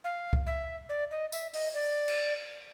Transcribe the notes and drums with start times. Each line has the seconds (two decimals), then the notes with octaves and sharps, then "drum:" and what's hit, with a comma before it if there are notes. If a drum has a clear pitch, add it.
0.04 F5
0.33 drum: kick
0.47 E5
0.89 D5
1.11 D#5
1.32 E5, drum: tambourine
1.54 D#5, drum: open hi-hat
1.74 D5
2.08 drum: cymbal